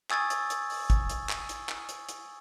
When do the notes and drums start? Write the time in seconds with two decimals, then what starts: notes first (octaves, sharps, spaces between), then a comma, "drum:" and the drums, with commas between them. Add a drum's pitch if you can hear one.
0.10 G#5 C#6 D#6 E6 G#6 A6, drum: clap
0.30 drum: hi-hat
0.50 drum: hi-hat
0.70 drum: open hi-hat
0.90 drum: kick, hi-hat
1.10 drum: hi-hat
1.29 drum: clap
1.49 drum: hi-hat
1.69 drum: clap
1.89 drum: hi-hat
2.09 drum: hi-hat